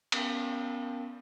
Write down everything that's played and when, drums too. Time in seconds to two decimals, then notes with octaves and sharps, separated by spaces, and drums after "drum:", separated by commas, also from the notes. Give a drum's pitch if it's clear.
0.12 B3 C#4 A#4 F5 G5 A5, drum: cymbal